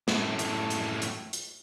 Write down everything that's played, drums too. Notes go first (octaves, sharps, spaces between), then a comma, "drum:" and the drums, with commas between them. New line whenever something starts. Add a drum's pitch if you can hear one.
F#2 A2, drum: snare
drum: hi-hat
drum: hi-hat
drum: hi-hat
drum: hi-hat